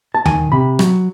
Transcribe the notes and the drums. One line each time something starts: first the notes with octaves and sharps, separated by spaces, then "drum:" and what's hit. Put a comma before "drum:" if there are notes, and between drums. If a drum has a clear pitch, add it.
A5
D#3 G#5, drum: tom D#2
C3 B5
F#3, drum: rim click